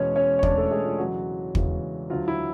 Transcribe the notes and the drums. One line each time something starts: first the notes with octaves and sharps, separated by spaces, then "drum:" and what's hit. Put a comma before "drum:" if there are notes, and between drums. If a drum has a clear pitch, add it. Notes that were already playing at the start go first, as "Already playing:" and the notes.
Already playing: E2 B2 G#3 C#4 C#5
C#4 C#5
C#5
E2 B2 G#3 D4 D5, drum: kick
A3 A4
G#3 G#4
F4
E2 C#3 E3 F#3 G#3 F#4
E2 C#3 E3 G#3, drum: kick
D2 D3 F#3 F4
E4